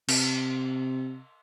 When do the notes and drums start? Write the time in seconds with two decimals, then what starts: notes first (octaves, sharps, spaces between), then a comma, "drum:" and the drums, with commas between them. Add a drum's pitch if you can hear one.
0.09 C3, drum: cymbal